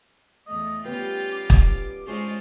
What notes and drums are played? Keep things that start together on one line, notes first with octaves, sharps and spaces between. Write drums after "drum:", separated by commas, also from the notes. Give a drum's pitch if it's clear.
E2 A3 D#5
G3 B3 C#4 F4 G4 B4 G5
D6
drum: kick
G#3 C#4 D4 F4 G#4 C5 C#6